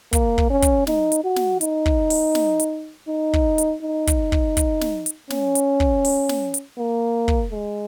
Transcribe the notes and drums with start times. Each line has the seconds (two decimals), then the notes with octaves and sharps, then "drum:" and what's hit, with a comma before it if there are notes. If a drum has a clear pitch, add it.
0.13 A#3, drum: kick, hi-hat
0.38 drum: kick
0.50 C#4
0.62 drum: kick, hi-hat
0.87 D#4, drum: snare
1.12 drum: hi-hat
1.24 F#4
1.36 drum: snare
1.61 D#4, drum: hi-hat
1.86 drum: kick
2.10 drum: open hi-hat
2.35 drum: snare
2.60 drum: hi-hat
3.08 D#4
3.33 drum: kick
3.58 drum: hi-hat
3.83 D#4
4.07 drum: kick, hi-hat
4.32 drum: kick
4.57 drum: kick, hi-hat
4.81 drum: snare
5.06 drum: hi-hat
5.30 C#4, drum: snare
5.55 drum: hi-hat
5.80 drum: kick
6.05 drum: open hi-hat
6.29 drum: snare
6.54 drum: hi-hat
6.78 A#3
7.28 drum: kick
7.52 G#3